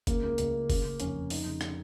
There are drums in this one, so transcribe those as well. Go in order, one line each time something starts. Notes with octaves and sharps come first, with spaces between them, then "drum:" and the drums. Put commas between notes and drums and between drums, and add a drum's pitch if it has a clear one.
C#3 A#3, drum: kick, hi-hat
C#2 A#3
C#2, drum: hi-hat
C#3
C#3, drum: kick, open hi-hat
C#3
F1 C#4, drum: hi-hat
F1
C#3 D#4, drum: open hi-hat
C#3
C#3, drum: rim click